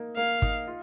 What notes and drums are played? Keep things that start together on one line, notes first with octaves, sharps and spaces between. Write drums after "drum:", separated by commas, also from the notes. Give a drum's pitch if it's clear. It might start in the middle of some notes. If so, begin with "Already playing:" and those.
Already playing: A#3 D#4
A#3 F5
D#4, drum: kick
F4